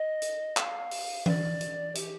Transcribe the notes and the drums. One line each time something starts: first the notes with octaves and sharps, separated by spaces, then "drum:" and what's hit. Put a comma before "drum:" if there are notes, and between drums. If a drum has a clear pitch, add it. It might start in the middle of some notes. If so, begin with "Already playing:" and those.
Already playing: D#5
drum: hi-hat
F5, drum: clap
drum: open hi-hat
D5, drum: tom E3
drum: hi-hat
G4, drum: hi-hat